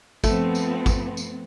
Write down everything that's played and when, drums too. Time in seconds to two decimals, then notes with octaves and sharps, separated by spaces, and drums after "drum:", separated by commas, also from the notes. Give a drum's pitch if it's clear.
0.24 F3 A3 B3 C4, drum: kick G#1, tambourine
0.55 drum: tambourine
0.86 drum: kick G#1, tambourine
1.17 drum: tambourine